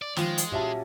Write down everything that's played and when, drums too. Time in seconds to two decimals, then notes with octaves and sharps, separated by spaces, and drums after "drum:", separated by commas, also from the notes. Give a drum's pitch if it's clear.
0.02 D5
0.16 D#3 F3 G#3 F4, drum: snare
0.38 drum: hi-hat
0.52 A#2 C#4 F#4 G4 E5 A5